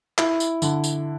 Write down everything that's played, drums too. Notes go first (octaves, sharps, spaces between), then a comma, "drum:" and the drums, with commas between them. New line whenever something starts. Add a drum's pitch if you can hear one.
E4, drum: clap
drum: tambourine
D3, drum: tambourine
drum: tambourine